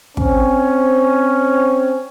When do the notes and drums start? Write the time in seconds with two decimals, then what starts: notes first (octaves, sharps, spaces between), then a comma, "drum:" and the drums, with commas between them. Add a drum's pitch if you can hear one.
0.17 C4 C#4, drum: kick